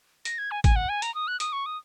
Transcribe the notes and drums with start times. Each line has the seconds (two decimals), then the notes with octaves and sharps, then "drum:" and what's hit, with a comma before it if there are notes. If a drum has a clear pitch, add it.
0.25 A#6, drum: hi-hat
0.38 G#6
0.51 G#5
0.64 G#5, drum: kick, hi-hat
0.76 F#5
0.89 G#5
1.02 A#5, drum: hi-hat
1.15 D#6
1.28 F#6
1.40 D#6, drum: hi-hat
1.53 C#6
1.66 D#6